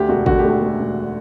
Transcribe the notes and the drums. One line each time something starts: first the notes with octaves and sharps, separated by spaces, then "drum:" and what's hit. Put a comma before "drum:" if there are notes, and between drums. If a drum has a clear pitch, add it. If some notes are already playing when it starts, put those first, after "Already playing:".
Already playing: D2 G4
E1 F#4
D3 F#4, drum: kick G#1
G4
A3
G4
A3
E1